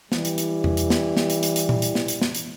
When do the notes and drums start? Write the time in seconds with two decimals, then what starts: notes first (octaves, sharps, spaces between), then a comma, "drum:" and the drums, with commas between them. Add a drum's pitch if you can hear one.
0.12 E3 G3, drum: snare
0.25 drum: hi-hat
0.38 drum: hi-hat
0.64 drum: tom E2
0.77 drum: hi-hat
0.90 drum: snare
1.17 drum: snare
1.30 drum: hi-hat
1.43 drum: hi-hat
1.56 drum: hi-hat
1.69 drum: tom A#2
1.82 drum: hi-hat
1.95 drum: snare
2.08 drum: hi-hat
2.21 drum: snare
2.35 drum: hi-hat